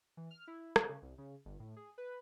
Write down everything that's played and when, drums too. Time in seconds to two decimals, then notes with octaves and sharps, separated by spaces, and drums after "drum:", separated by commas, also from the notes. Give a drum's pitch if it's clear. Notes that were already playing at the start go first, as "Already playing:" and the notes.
0.17 E3
0.31 F6
0.47 E4
0.76 A4, drum: rim click
0.89 C#3
1.02 C2
1.18 C#3
1.45 G1
1.60 A2
1.77 G#4
1.98 B4